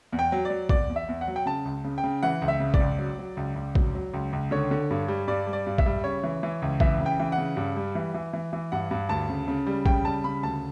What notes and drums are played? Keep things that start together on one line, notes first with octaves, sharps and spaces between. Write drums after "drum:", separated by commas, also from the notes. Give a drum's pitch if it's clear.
E2
G5
F#3
D5
F#3
E2 D5, drum: kick
E2
E5
E2
F#5
F#3
G5
C#3 A5
C#2
C#3
G5
C#3
E3 F#5
C#2
E5
C#3
D5, drum: kick
C#2
F#3
F#3
C#2
C#2
F#3, drum: kick
F#3
C#2
C#2
D3 C#5
D3
G2
G3
G2 D5
G3
D5
G2
E5, drum: kick
G3
C#3 C#5
E3
E3
C#2
E3 E5, drum: kick
C#3
G5
E3
F#5
C#3
G2
G3
E3
E3
E3
E3
G2 F#5
G2
D2 A5
C#3
C#3
G3
C#3 G5, drum: kick
G3 A5
C#3 B5
D2 A5